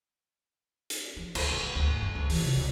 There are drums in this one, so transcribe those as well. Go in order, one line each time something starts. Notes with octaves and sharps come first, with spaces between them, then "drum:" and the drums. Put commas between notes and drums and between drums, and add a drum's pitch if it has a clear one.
drum: hi-hat
F3
D2, drum: cymbal
D1
C2
D2
G#2
G2
C#2
E3, drum: open hi-hat
C3
C2